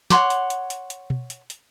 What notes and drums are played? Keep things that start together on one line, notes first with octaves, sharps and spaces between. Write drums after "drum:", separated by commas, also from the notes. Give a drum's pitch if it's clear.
C#5 F#5 C6 D6, drum: snare
drum: hi-hat
drum: hi-hat
drum: hi-hat
drum: hi-hat
drum: tom B2
drum: hi-hat
drum: hi-hat